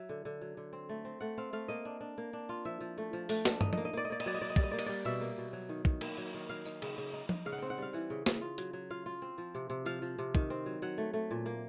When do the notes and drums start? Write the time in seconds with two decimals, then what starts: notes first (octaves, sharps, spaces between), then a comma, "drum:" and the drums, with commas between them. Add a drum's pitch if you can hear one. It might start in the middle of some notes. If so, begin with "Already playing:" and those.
Already playing: F#3 E5
0.09 D3
0.25 D3
0.42 F#3
0.57 D3
0.73 C4
0.89 A3
1.05 C4
1.21 A3 F#5
1.38 C4 F5
1.53 A3 F5
1.68 A#3 D#5
1.85 D4
2.01 D4
2.18 A#3
2.33 D4
2.49 F4
2.65 F3 E5
2.81 F3
2.98 A3
3.13 F3
3.29 A3, drum: open hi-hat
3.45 D4, drum: snare
3.61 D#4 D#5, drum: tom
3.73 A#3 D#5, drum: tom F3
3.85 D#5
3.93 A#3 D5
4.05 D#5
4.10 A#3 D5
4.20 D#5, drum: cymbal
4.26 F#3 D5
4.34 D#5
4.41 F#3 D5
4.50 D#5
4.56 G3 D5, drum: kick
4.63 D#5
4.71 A#3 D5
4.79 D#5, drum: cymbal
4.86 G3 D5
5.05 B2 E5
5.21 A#3
5.38 B2
5.53 F#3
5.69 D#3
5.85 D#3, drum: kick
6.01 A#3, drum: cymbal
6.18 F#3
6.34 D#3
6.49 F#3 F5
6.65 D#4, drum: tambourine
6.82 C#3, drum: cymbal
6.98 C#3
7.13 D#4
7.29 D#4, drum: tom F3
7.46 C#3 F5
7.53 F#5
7.58 C4 G5
7.70 F#5
7.78 G3 F5
7.93 E3 F#5
8.10 C#3
8.26 C#3, drum: snare
8.41 F4
8.58 F#3, drum: hi-hat
8.73 F#3
8.90 F4 F5
9.06 F4
9.22 C4
9.38 F3
9.55 C3
9.70 C3
9.86 F3 F5
10.02 F3
10.18 C3
10.35 D#3, drum: kick
10.50 C4
10.66 F#3
10.82 F#3 F#5
10.98 A3
11.14 A3
11.31 A#2
11.46 A#3